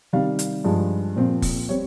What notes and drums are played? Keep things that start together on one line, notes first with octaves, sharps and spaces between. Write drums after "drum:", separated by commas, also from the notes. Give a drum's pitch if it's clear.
C3 D#3 G3 F5
drum: hi-hat
G2 F3 G#3
A#2 F3 C4
drum: kick, open hi-hat
G3 C4 C#5